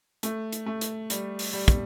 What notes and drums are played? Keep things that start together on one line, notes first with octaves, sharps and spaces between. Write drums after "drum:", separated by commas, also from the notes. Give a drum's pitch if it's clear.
A3, drum: hi-hat
drum: hi-hat
A3
drum: hi-hat
G3, drum: hi-hat
drum: open hi-hat
G3
drum: kick, hi-hat